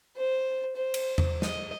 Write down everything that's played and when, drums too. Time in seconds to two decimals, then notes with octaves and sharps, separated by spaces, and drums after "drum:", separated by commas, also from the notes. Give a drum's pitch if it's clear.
0.17 C5
0.76 C5
0.94 drum: cymbal
1.18 drum: tom E2
1.42 D#5, drum: snare